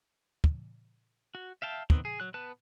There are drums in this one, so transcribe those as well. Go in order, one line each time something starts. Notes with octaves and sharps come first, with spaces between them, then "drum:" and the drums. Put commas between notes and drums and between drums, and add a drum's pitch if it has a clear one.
drum: kick
F#4
E5 F5 G5 A5
D#3 B3 C4, drum: kick
G#4
F#3 F#6
B3 B4 A5 F#6